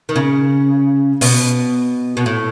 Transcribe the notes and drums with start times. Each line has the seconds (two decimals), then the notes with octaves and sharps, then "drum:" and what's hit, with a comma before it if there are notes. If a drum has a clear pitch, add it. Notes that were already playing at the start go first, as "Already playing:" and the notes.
0.09 D#3
0.16 C#3
1.21 B2, drum: open hi-hat
2.17 B2
2.26 A2